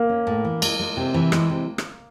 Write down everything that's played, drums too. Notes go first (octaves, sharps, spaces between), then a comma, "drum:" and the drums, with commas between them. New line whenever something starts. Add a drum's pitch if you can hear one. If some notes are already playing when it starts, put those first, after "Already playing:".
Already playing: A#3
C#4
A2
E3
G#3, drum: cymbal
G#3
C3
E3
G#3, drum: rim click
C3
drum: rim click